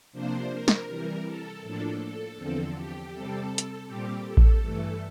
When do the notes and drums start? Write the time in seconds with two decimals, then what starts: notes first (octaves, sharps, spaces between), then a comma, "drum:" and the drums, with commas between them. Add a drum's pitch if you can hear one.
0.12 C3 F3 A#3 D4 C5
0.49 A#4
0.68 drum: snare
0.87 C3 E3 G3 A#4
1.24 A4
1.62 A2 F3 A#3 D4
1.99 A4
2.37 E2 D3 F3 C4
2.74 G4
3.11 C3 G3 C4 A4
3.58 drum: hi-hat
3.86 A#2 G3 C4 G4
4.25 A4
4.37 drum: kick A1
4.61 G2 E3 A3 A4